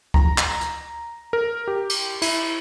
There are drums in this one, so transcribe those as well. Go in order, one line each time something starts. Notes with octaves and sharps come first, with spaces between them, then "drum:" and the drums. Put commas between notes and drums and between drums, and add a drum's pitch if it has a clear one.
A#5, drum: kick C#2
drum: clap
drum: hi-hat
A#4
G4
drum: cymbal
E4, drum: cymbal